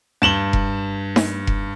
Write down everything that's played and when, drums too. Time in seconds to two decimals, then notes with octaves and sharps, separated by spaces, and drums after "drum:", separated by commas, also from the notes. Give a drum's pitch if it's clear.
0.22 G2 E7 F#7 G7
0.53 drum: kick F1
1.16 drum: snare D#4
1.47 drum: kick F1